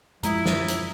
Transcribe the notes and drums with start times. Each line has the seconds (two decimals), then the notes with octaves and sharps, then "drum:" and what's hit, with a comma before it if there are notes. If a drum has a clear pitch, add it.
0.23 F#2 F3 G#3 E4 A#5 D#6, drum: hi-hat
0.46 drum: snare
0.68 drum: hi-hat